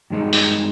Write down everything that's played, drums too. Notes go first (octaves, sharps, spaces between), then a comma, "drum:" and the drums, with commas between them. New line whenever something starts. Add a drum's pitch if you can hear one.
G2 D#3 G#3 D#4
drum: open hi-hat